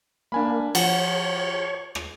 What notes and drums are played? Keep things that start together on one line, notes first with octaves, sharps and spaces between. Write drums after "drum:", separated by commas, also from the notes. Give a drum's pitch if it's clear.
A#3 D4 G#5 B5
F3 F#4 C#5, drum: cymbal
drum: rim click